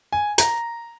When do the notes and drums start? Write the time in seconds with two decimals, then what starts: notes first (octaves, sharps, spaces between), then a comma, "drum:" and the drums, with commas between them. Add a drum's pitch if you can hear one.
0.13 G#5
0.38 A#5, drum: hi-hat